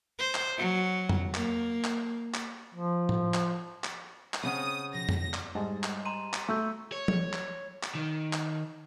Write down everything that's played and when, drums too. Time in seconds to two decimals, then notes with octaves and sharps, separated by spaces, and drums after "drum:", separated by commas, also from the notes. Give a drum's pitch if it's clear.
0.19 C5
0.35 drum: clap
0.58 F#3
1.09 drum: tom F2
1.34 A#3, drum: clap
1.84 drum: clap
2.34 drum: clap
2.75 F3
3.09 drum: tom A2
3.34 drum: clap
3.84 drum: clap
4.34 drum: clap
4.43 C#3 C4 F#5 D#6
4.94 B2 F3 A#6
5.09 drum: tom F2
5.34 drum: clap
5.55 G#2 G3 D#5 A5
5.83 drum: clap
6.05 A#5 C6 D#7
6.33 drum: clap
6.49 A3 C#6 E6 G6
6.92 C#5
7.08 drum: tom F3
7.33 drum: clap
7.83 drum: clap
7.95 D#3
8.33 drum: clap